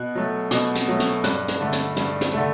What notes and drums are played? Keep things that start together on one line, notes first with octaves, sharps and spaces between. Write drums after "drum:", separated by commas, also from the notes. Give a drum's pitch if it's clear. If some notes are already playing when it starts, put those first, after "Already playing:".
Already playing: B2 F#6
F#3 A3
B2, drum: hi-hat
drum: hi-hat
F#3 A3
drum: hi-hat
G2 F#6, drum: hi-hat
drum: hi-hat
D3 A3
drum: hi-hat
G2, drum: hi-hat
drum: hi-hat
D3 A3